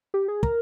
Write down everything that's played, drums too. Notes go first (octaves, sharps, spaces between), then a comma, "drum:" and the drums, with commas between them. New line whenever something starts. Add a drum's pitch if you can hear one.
G4
G#4
A#4, drum: kick